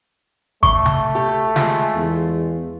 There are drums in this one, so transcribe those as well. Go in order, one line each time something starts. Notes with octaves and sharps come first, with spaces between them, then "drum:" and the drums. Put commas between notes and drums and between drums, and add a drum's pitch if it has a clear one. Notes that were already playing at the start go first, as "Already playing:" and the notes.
A3 C#6, drum: kick G#1
drum: tom C3
G4 A4
G#3 F4, drum: snare
E2